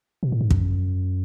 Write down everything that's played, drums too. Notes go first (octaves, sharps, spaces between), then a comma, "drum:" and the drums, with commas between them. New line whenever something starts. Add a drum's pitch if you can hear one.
B2
A2
G#2
F#2, drum: kick